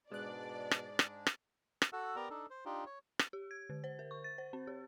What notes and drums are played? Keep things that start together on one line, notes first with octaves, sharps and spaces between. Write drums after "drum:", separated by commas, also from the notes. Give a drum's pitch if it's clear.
G#2 B2 G#3 D4 D5 F#6
drum: rim click
drum: rim click
drum: rim click
drum: rim click
F#4 A4 F#5 E6
B3 G4 A#4 D5 A#5
D4 D#4 A4
C5
D4 D#4 F4 G4
C#5
drum: rim click
G4
G#6
D3
C5
A#4
C#6
A6
C5
C4
G4